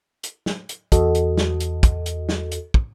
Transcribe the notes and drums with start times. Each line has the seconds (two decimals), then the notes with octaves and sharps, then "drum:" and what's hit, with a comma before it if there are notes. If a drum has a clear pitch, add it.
0.23 drum: hi-hat
0.46 drum: snare
0.69 drum: hi-hat
0.92 E2 F#4 A4 D#5, drum: kick, hi-hat
1.15 drum: hi-hat
1.37 drum: snare
1.60 drum: hi-hat
1.83 drum: kick, hi-hat
2.06 drum: hi-hat
2.29 drum: snare
2.51 drum: hi-hat
2.74 drum: kick